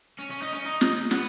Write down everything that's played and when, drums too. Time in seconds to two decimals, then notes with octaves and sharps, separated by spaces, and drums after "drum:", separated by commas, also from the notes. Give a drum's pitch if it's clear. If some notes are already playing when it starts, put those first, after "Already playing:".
0.19 C#4
0.31 C#4
0.42 D#4
0.54 C#4
0.65 D#4
0.81 drum: snare
1.11 B3, drum: snare